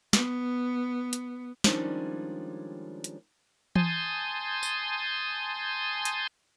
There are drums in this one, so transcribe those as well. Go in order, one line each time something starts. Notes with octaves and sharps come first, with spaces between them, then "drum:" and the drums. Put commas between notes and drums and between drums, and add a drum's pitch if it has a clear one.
B3, drum: snare
drum: hi-hat
D#3 F3 G3 G#3 C#4 D4, drum: snare
drum: hi-hat
G#5 A5 C6 D#6 G6, drum: tom E3
drum: tambourine
drum: hi-hat